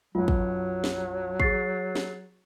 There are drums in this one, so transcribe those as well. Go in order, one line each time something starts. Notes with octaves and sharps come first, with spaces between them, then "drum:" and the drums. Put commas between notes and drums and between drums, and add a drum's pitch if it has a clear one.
B1 F#2 F#3 F4
drum: kick
drum: snare
G#4 C#6 A6 C7, drum: kick
drum: snare